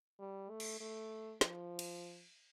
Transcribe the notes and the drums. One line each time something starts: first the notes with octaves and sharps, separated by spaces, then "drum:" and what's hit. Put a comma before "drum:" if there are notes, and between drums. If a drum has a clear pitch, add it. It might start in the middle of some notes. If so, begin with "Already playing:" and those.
G3
A3
drum: cymbal
A3
F3, drum: snare
drum: cymbal